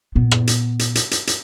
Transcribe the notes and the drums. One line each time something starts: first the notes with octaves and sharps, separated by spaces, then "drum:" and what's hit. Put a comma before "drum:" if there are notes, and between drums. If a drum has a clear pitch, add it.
A#2 B3
drum: rim click
drum: hi-hat
drum: hi-hat
drum: hi-hat
drum: hi-hat
drum: hi-hat